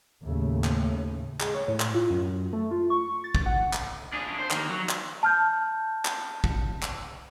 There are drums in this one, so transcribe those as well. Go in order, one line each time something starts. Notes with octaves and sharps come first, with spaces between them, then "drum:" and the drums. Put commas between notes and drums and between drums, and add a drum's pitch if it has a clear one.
D#2 A2 C#3 A3
drum: clap
G#3, drum: clap
C#5
A2
drum: clap
F4
F#2
A3
F4
C#6
A6
drum: kick
F#5
drum: clap
D4 G#4
C5
D#3 A#3, drum: clap
F#3
drum: clap
A5 F6 G6
drum: clap
drum: kick
drum: clap